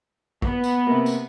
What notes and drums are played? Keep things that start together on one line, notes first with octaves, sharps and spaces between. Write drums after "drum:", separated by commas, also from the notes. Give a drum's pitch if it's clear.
B3, drum: kick
drum: tambourine
C3 A#3
drum: tambourine